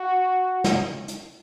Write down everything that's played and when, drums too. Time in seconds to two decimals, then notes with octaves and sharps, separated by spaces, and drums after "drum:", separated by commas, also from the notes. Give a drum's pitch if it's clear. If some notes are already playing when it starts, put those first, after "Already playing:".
Already playing: F#4
0.64 drum: snare
1.08 drum: hi-hat